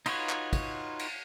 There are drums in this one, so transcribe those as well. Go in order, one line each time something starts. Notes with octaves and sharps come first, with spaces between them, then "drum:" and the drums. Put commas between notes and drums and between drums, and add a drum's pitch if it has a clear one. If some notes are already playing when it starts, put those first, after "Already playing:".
D#4 F4 F#4 B4 C#5, drum: cymbal
drum: clap
drum: kick, cymbal
drum: cymbal